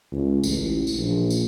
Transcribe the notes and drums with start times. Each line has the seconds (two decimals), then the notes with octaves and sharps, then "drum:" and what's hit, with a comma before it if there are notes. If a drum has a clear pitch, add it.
0.12 C#2
0.43 A1, drum: tambourine
0.87 drum: tambourine
0.96 A#1
1.30 drum: tambourine